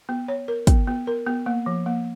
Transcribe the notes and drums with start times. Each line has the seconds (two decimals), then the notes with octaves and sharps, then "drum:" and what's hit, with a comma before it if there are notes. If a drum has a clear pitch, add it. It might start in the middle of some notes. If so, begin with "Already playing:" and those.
0.09 B3
0.28 C#5
0.48 A#4
0.67 B3, drum: kick, hi-hat
0.87 B3
1.07 A#4
1.27 B3
1.46 A#3
1.66 F3
1.86 A#3